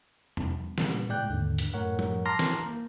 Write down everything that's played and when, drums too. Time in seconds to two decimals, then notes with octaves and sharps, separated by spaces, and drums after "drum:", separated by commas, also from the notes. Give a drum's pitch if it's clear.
0.37 drum: tom E2
0.78 A#2 C#3 G3 B3, drum: snare
1.09 A2 G#3 D5 G5 F#6 G6
1.30 D#2 G#2 D3
1.58 drum: hi-hat
1.74 F#2 A2 A3 A#4 C#5 F#5
1.99 drum: tom F3
2.25 A5 A#5 C6 D6 F6 A#6
2.39 drum: snare
2.66 A#3